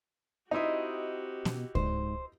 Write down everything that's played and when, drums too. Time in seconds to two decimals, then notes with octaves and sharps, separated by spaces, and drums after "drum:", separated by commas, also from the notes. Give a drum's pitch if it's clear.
0.51 C4 D#4 E4 F#4 G4 C5 D#5
1.45 B2, drum: snare B3
1.75 G#2 C5, drum: kick C#2